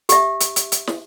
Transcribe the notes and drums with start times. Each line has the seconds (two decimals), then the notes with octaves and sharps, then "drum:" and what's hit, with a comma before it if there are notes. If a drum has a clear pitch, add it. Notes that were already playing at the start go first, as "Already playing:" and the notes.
0.09 G4 E5, drum: hi-hat
0.40 drum: hi-hat
0.56 drum: hi-hat
0.72 drum: hi-hat
0.87 drum: snare